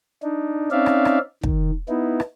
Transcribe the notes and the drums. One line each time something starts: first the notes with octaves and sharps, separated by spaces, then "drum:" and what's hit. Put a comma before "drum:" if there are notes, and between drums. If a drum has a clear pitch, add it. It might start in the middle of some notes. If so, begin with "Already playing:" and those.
D4 D#4
C4 C#4 D#4 D5 E5 F5
drum: rim click
drum: rim click
D#3, drum: kick
B3 D#4 E4
drum: rim click